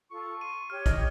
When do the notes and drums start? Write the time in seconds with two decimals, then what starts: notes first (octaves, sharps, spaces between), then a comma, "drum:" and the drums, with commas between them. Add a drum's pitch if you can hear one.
0.11 F4 A4 C#6
0.41 C6 D#7
0.70 G4 C#5 F6
0.86 D#5 F6, drum: kick, hi-hat